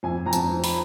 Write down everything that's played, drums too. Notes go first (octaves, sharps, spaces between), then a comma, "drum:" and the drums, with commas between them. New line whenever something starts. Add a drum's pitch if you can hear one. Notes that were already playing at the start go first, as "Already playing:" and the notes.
F2 G#5
F2 A#5
A5, drum: tambourine
F3
B5, drum: open hi-hat